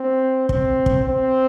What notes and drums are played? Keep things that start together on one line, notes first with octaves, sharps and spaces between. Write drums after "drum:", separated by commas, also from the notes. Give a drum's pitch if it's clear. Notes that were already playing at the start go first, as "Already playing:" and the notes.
Already playing: C4
C4, drum: kick
drum: kick
C4